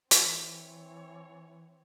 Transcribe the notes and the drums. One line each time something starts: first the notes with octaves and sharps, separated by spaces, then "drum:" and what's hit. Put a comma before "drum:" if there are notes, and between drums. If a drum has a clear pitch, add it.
E3 C4 C#5, drum: hi-hat